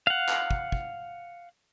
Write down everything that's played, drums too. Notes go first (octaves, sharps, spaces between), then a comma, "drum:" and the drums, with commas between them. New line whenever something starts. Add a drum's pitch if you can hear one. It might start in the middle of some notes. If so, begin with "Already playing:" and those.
F5 F#5
drum: clap
drum: kick
drum: kick